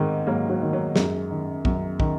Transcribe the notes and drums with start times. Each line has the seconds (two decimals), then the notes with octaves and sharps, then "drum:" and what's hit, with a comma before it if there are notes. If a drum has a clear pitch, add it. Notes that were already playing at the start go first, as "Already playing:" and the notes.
Already playing: G#2 D#3 G#3 C4
0.27 G#2 F#3 A#3
0.50 F#3
0.62 D#3
0.73 F#3
0.96 F#2 G#3, drum: snare
1.31 D#3
1.65 F#2, drum: kick
2.00 D#3, drum: kick